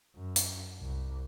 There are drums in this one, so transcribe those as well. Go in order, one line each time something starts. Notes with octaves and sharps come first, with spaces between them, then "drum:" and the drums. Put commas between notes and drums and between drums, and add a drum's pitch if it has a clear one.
F#2
drum: hi-hat
C2